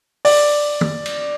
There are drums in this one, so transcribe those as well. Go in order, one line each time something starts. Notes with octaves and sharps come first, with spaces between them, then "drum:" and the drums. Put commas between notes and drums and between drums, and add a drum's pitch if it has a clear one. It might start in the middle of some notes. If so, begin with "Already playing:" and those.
D5, drum: open hi-hat
drum: tom
drum: cymbal